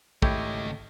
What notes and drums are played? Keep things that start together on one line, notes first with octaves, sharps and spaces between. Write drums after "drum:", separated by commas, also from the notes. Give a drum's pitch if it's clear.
G#1 C#3 A3 E4 G4 C#5 D#5, drum: kick